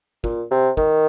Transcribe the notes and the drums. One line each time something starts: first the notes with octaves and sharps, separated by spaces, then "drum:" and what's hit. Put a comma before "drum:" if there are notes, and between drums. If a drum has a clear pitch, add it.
A#2, drum: kick
C3
D#3, drum: kick